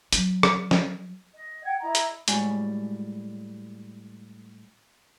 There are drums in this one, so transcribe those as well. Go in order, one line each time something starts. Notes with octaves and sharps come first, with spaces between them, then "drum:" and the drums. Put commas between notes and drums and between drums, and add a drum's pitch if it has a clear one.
F#3, drum: hi-hat
drum: rim click
drum: snare
D#5
F#5 G5 G#6
E4 D#5 A#5
drum: hi-hat
A2 G3 G#3 F#4 G#5, drum: hi-hat